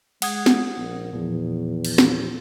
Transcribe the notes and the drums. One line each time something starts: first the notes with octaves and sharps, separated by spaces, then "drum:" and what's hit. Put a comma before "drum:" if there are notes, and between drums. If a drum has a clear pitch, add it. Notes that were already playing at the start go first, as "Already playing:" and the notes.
G#3 F#5 D#6 G#6, drum: cymbal
drum: snare
A#1
E2 A#2 F3
drum: cymbal
drum: snare